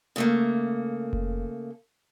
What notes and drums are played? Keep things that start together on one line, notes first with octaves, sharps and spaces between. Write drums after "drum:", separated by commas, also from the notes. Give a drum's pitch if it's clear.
C#3 A3 A#3
drum: kick F1